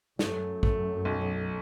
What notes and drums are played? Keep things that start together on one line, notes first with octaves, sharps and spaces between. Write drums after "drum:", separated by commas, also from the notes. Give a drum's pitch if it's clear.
F#2 A3, drum: snare
A3, drum: kick A1
B1